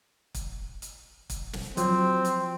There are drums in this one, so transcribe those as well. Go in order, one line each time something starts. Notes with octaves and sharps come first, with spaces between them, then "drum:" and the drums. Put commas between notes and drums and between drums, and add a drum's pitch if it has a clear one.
drum: kick, hi-hat
drum: hi-hat
drum: kick, hi-hat
drum: snare
F3 F#3 C4, drum: hi-hat
drum: hi-hat